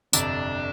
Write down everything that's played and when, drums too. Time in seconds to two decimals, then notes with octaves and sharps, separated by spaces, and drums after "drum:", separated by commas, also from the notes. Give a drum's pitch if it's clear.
0.13 G1 F2 C3 D4, drum: tambourine